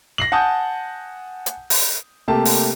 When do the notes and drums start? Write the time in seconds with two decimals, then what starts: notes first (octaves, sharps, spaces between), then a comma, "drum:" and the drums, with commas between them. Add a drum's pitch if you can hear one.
0.18 A#6 C7 F#7
0.32 F#5 G#5 A5 D#6 G6
1.46 drum: hi-hat
1.70 drum: open hi-hat
2.28 C3 A3 A#3 G4 A5
2.45 drum: open hi-hat